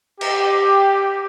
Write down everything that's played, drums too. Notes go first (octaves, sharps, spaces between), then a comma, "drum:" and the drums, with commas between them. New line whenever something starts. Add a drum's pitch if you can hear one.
G4, drum: cymbal